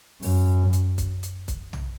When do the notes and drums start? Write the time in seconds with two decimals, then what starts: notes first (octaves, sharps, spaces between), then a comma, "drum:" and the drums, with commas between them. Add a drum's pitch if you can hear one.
0.22 F#2, drum: open hi-hat
0.73 drum: hi-hat
0.98 drum: kick, hi-hat
1.23 drum: hi-hat
1.48 drum: kick, hi-hat
1.73 drum: tom